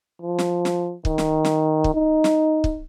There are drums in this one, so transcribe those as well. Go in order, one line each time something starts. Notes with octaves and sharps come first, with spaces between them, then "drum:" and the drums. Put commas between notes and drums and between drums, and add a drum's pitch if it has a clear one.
F3
drum: snare
drum: snare
D#3, drum: kick
drum: snare
drum: snare
drum: kick
D#4
drum: snare
drum: kick